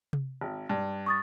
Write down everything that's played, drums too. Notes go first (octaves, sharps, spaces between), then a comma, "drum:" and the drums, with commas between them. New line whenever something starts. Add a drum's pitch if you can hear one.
drum: tom C3
G#1
G2
C#6 D#6 A6